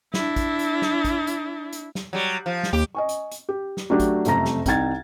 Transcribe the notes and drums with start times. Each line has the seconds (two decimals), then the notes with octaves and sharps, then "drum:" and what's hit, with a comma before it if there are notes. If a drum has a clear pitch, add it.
0.14 D4 E4, drum: snare
0.36 drum: kick, hi-hat
0.59 drum: hi-hat
0.82 drum: snare
1.05 drum: kick, hi-hat
1.27 drum: hi-hat
1.73 drum: hi-hat
1.95 drum: snare
2.13 F#3 G3
2.46 F3
2.63 drum: snare
2.73 D#2 G4
2.95 D#5 G#5 C#6
3.09 drum: hi-hat
3.32 drum: hi-hat
3.49 G4
3.77 drum: snare
3.90 F#3 A3 D4 G4
4.00 drum: kick, hi-hat
4.25 F#1 F2 C3 A3 A#5 A#6, drum: hi-hat
4.45 drum: snare
4.66 C2 D#4 G5 G#6 A6, drum: kick, hi-hat